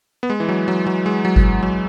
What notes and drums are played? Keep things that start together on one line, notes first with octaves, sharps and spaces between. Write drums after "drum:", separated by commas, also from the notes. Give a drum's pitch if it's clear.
B3
G#3
E3
F#3
F#3
F#3
G#3
F#3
drum: kick G1
F#3